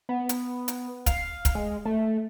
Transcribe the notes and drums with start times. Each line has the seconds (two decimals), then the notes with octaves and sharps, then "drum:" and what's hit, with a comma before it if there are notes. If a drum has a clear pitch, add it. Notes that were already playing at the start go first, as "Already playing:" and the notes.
0.09 B3
0.29 drum: hi-hat
0.68 drum: hi-hat
1.06 F5, drum: kick, hi-hat
1.45 drum: kick, hi-hat
1.55 G#3
1.85 A3